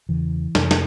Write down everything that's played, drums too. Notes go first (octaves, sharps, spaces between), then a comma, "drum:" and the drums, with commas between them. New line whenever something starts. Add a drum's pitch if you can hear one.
E2 C#3 E3
F2 C3, drum: snare
drum: snare